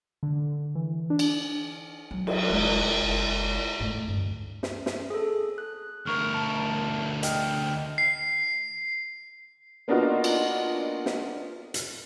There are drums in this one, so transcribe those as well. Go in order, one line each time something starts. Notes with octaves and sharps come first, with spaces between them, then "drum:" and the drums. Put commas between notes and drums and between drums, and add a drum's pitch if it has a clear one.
D3
E3
D4
drum: cymbal
F#3
drum: cymbal
F1 G#3
F#1
G#2 A3
D2 G2
drum: snare
drum: snare
G#4 A4
F#6
D2 A#4 C#6 F6
A5
D#5 G5 F6, drum: hi-hat
C7
A#3 B3 D4 D#4 F4 F#4
drum: cymbal
drum: snare
drum: hi-hat